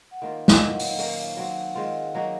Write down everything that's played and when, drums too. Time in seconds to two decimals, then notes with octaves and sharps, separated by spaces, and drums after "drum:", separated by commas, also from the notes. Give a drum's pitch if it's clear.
0.11 F#5
0.22 D#3 A#3 F4 F5
0.35 F5
0.48 D#5, drum: snare
0.60 A#2 F#3 C4
0.73 F#5
0.79 F5, drum: open hi-hat
0.98 D#3 A#3 C#4 F5, drum: open hi-hat
1.18 F5
1.37 F#3 C4 F#4 F#5
1.76 D#3 G#3 C4 F4
2.15 F#3 A#3 D#4 F#4